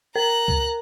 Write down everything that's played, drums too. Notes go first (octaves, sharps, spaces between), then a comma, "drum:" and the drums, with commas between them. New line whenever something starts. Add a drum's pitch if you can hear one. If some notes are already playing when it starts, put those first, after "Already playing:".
A#4 A#5 F#6
drum: kick C#2